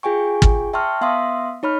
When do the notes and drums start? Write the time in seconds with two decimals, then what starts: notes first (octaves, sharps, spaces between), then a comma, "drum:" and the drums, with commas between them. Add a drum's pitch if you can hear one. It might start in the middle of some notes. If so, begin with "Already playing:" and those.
0.03 F4 G#4 G5 G#5 C#6
0.42 drum: kick
0.73 E5 G5 A5 C6 C#6 F6
1.01 B3 E5 F5 C6 D#6
1.63 D#4 C#5 B5 F6